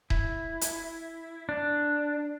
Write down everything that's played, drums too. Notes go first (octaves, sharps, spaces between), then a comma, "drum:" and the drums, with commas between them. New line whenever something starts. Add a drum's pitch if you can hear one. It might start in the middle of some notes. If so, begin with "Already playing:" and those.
E4, drum: kick D#1
drum: hi-hat
D4